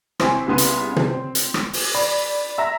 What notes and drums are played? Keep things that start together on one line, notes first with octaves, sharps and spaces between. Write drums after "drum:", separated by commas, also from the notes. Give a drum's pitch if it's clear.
C3 C4 E4 G#5 C#6, drum: rim click
C2 C#3 B3 C6 D#7
drum: hi-hat
drum: tom
C4
drum: hi-hat
drum: rim click
drum: open hi-hat
D5 B5
E5 A#5 A#6